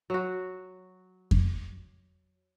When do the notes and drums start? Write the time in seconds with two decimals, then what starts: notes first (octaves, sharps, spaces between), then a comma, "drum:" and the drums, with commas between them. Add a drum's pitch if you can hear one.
0.10 F#3 F#4
1.31 drum: kick F2